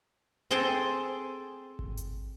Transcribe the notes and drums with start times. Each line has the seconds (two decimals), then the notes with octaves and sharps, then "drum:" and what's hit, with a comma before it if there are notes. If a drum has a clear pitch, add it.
0.51 C4 G#4 A4 C5 G5 A5
1.79 drum: kick G#1
1.97 drum: hi-hat